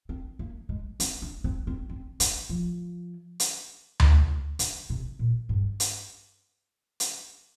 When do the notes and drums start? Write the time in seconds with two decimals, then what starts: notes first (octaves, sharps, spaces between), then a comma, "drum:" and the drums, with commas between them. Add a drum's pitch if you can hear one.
0.09 C4
0.39 A#3
0.69 G#3
1.00 C4, drum: hi-hat
1.22 D4
1.44 C4
1.67 C4
1.89 C4
2.20 G#3, drum: hi-hat
2.49 F3
3.40 drum: hi-hat
4.00 drum: tom D2
4.59 D3, drum: hi-hat
4.90 C3
5.19 A#2
5.49 G2
5.80 drum: hi-hat
7.00 drum: hi-hat